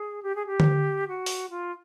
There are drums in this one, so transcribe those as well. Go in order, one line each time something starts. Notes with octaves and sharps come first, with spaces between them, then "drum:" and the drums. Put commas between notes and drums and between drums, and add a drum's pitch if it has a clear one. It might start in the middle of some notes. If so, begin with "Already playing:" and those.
Already playing: G#4
G4
G#4
G4
drum: tom D3
F#4
drum: open hi-hat
F4